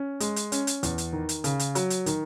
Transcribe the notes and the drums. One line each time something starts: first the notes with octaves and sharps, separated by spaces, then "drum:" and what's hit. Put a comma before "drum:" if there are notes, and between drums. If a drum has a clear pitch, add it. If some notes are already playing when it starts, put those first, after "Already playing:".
Already playing: C#4
G#3, drum: hi-hat
drum: hi-hat
C#4, drum: hi-hat
drum: hi-hat
E2, drum: hi-hat
drum: hi-hat
D#3
drum: hi-hat
C#3, drum: hi-hat
drum: hi-hat
F#3, drum: hi-hat
drum: hi-hat
D#3, drum: hi-hat